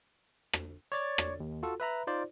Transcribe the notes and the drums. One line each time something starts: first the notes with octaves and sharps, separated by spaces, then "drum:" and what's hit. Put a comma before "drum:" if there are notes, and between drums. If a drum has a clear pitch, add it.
drum: rim click
C#5 D5 A6
drum: rim click
D#2
F4 F#4 A4
B4 E5 A#5 B5
D#4 F4 C5 D5